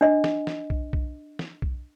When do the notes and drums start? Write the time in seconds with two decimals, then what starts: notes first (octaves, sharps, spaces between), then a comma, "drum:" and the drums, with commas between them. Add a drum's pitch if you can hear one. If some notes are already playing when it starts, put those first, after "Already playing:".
0.01 D4 D#5
0.24 drum: snare
0.47 drum: snare
0.70 drum: kick B1
0.93 drum: kick B1
1.39 drum: snare
1.62 drum: kick B1